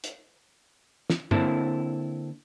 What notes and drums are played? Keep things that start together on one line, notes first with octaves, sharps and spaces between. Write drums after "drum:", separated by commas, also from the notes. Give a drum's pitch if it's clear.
drum: hi-hat
drum: snare
D3 A#3 C4 E4 A4, drum: tom